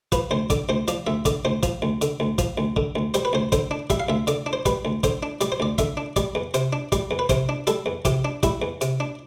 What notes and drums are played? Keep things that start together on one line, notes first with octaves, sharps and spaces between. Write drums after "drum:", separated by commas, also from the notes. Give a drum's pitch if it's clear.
F3 B4, drum: kick, hi-hat
D2 C5
D3 D5, drum: kick, hi-hat
D2 C5
F3 D5, drum: hi-hat
D2 E5
D3 D5, drum: kick, hi-hat
D2 C5
F3, drum: kick, hi-hat
D2
D3, drum: hi-hat
D2
F3, drum: kick, hi-hat
D2
D3, drum: kick
D2
G3 C5, drum: hi-hat
B4
D2 C5
D3 C5, drum: kick, hi-hat
D4
G3 E5, drum: kick, hi-hat
F5
D2 E5
D3 D5, drum: hi-hat
D4
C5
G3 B4, drum: kick, hi-hat
D2
D3 C5, drum: kick, hi-hat
D4
G3 D5, drum: hi-hat
C5
D2 D5
D3 E5, drum: kick, hi-hat
D4
G3 D5, drum: kick, hi-hat
E2
C3 C5, drum: hi-hat
D4
G3 D5, drum: kick, hi-hat
E2
B4
C3 C5, drum: kick, hi-hat
D4
G3 A4, drum: hi-hat
E2
C3 G4, drum: kick, hi-hat
D4
G3 E4, drum: kick, hi-hat
E2
C3, drum: hi-hat
D4